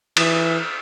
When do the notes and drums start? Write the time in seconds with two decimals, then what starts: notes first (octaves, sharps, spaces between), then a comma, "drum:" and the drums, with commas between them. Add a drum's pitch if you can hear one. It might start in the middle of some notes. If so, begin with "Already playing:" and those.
0.17 E3, drum: cymbal